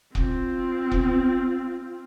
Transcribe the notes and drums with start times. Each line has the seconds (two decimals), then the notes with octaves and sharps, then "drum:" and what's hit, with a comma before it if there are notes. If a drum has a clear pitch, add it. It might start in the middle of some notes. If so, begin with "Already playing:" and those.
0.15 C4 F4, drum: kick
0.91 drum: kick